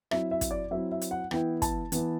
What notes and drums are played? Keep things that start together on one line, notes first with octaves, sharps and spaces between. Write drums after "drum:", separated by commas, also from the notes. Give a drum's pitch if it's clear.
F#3 C4 E4 E5, drum: rim click
E5
drum: kick, hi-hat
D5
F#3 C4 E4 E5
E5
drum: hi-hat
F#5
E3 B3 E4 G5, drum: rim click
A5, drum: kick, hi-hat
E3 B3 E4, drum: hi-hat